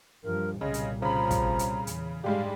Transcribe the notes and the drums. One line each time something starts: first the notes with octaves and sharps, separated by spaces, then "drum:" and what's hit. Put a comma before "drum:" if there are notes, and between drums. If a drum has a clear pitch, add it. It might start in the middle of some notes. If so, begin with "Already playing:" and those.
G2 F3 A#4
C2 A#2 C#3 G#3 D#5
drum: hi-hat
C#3 F3 A#5 B5
drum: kick, hi-hat
drum: hi-hat
E2, drum: hi-hat
G#2 G3 G#3 D4 G4 F5